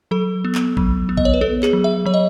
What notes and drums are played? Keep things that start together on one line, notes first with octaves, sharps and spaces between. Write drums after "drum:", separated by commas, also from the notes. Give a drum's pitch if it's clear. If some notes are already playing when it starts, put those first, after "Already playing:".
F#3 A4
B3
drum: clap
F#3, drum: kick A1
B3
D#5, drum: kick A1
C#5
B4
B3 A4
G#4, drum: clap
F#3
E5
F#3 C#5
D#5